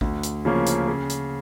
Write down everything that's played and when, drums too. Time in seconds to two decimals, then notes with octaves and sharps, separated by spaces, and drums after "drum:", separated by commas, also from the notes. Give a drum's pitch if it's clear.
0.01 D2, drum: kick A1
0.23 drum: hi-hat
0.45 C#3 F3 A#3 C#4
0.66 drum: hi-hat
0.88 C#3
1.10 drum: hi-hat